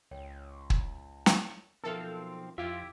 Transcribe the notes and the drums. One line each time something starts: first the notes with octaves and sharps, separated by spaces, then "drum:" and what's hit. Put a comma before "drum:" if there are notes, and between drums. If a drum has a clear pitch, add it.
C#2 C#5 G5
drum: kick
drum: snare
B1 F3 C4 A4 A#4 E5 F5
F2 E4 F4 G4 E5 F5